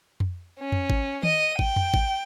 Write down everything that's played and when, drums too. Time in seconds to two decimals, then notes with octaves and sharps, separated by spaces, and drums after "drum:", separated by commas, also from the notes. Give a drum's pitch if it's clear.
0.20 drum: tom F2
0.60 C#4
0.72 drum: tom F2
0.90 drum: kick
1.23 D#5 D#7, drum: tom D#3
1.59 G5, drum: kick
1.76 drum: tom F2
1.94 drum: kick